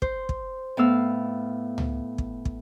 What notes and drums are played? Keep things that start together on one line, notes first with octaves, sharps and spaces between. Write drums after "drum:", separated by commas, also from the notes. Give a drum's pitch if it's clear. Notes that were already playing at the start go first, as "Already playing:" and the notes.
C5, drum: kick
drum: kick
A2 B3 F5 E6
drum: tom C#2
drum: kick
drum: kick